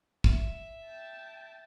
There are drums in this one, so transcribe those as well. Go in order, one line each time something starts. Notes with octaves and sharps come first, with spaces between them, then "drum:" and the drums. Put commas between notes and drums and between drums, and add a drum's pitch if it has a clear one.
E5, drum: kick
G5 A5